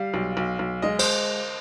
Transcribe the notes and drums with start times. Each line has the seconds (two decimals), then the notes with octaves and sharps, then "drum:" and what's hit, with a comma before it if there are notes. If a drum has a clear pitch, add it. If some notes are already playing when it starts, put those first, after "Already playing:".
Already playing: G3 F5
0.14 B1
0.37 B1
0.59 B1
0.82 G#3 D#5
0.99 C5, drum: cymbal